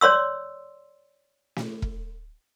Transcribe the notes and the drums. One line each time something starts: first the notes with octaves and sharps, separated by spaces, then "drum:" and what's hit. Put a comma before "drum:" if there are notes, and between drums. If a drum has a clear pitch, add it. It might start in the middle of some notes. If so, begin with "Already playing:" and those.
C#5 D5 C6 E6
drum: snare
drum: kick E1